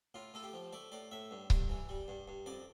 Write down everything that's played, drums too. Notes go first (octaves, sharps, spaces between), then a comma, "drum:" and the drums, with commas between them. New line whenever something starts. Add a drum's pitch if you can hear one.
A2 F4
A2 A4
G4
F3
A3 D5
A2 D5
A2 E5
G2
G2, drum: kick C#1
E3
G3
G2
G2
F2 D5